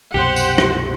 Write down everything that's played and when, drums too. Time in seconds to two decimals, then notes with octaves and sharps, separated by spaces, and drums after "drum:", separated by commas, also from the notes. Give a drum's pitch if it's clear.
0.14 C2 F#2 B2 G4 C5 F#5
0.36 drum: tambourine
0.58 drum: rim click